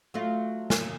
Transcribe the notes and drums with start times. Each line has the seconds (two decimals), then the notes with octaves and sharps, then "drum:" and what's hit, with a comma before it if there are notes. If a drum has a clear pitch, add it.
0.14 F#3 A3 F4
0.70 drum: snare